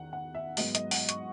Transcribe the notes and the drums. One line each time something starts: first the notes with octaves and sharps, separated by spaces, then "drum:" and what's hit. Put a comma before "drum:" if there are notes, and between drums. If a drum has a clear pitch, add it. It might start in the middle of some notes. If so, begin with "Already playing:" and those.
Already playing: E2 D#3 F#5
F#5
E5
G#2 F#3 B3 D#5, drum: open hi-hat
D#5, drum: hi-hat
F#5, drum: open hi-hat
C#6, drum: hi-hat